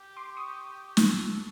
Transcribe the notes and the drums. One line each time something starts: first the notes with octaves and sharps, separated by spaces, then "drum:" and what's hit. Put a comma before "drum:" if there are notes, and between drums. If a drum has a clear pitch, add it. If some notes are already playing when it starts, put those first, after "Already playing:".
Already playing: G4
C6 D6
C#6 D#6
A4, drum: snare